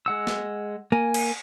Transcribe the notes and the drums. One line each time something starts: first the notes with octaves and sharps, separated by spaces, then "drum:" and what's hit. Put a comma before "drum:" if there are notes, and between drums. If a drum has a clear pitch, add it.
G#3 F#5 E6
drum: snare
A#3 G#5
drum: cymbal